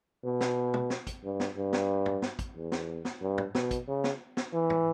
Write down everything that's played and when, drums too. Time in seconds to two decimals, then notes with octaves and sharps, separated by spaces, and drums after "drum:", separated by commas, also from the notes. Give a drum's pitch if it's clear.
0.24 B2
0.41 drum: snare
0.74 drum: tom
0.90 drum: snare
1.07 drum: kick, hi-hat
1.24 G2
1.40 drum: snare
1.57 G2
1.73 drum: snare
2.06 drum: tom
2.22 drum: snare
2.39 drum: kick, hi-hat
2.56 E2
2.72 drum: snare
3.05 drum: snare
3.21 G2
3.38 drum: tom
3.55 B2, drum: snare
3.71 drum: kick, hi-hat
3.88 C#3
4.04 drum: snare
4.37 drum: snare
4.53 E3
4.70 drum: tom